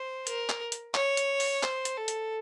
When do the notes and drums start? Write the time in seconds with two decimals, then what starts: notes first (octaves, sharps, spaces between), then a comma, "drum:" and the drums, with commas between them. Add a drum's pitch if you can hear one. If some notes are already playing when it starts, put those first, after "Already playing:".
Already playing: C5
0.27 A#4, drum: hi-hat
0.49 drum: clap
0.72 drum: hi-hat
0.94 C#5, drum: clap
1.17 drum: hi-hat
1.40 drum: open hi-hat
1.63 C5, drum: clap
1.85 drum: hi-hat
1.97 A4
2.08 drum: hi-hat